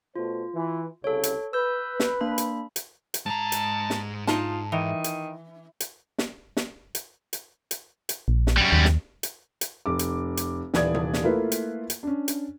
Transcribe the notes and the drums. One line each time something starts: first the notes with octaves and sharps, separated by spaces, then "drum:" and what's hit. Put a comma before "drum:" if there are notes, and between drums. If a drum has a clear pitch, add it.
B2 A3 F4 C5
E3
C2 C#3 A4 C#5
drum: hi-hat
B4 E6 G6
drum: snare
A#3 D4 B5
drum: hi-hat
drum: hi-hat
drum: hi-hat
G#2 A5 A#5
drum: hi-hat
drum: snare
D#4 F4 A5, drum: snare
D#3 E3
drum: hi-hat
drum: hi-hat
drum: snare
drum: snare
drum: hi-hat
drum: hi-hat
drum: hi-hat
drum: hi-hat
A#1
drum: snare
F#2 G3
D#2
drum: snare
drum: hi-hat
drum: hi-hat
F1 D6
drum: hi-hat
drum: hi-hat
D#1 E3 D5 D#6 G#6, drum: snare
drum: tom C3
drum: snare
A3 A#3 E4 F4 A#4 B4
drum: hi-hat
drum: hi-hat
C#4 D4
drum: hi-hat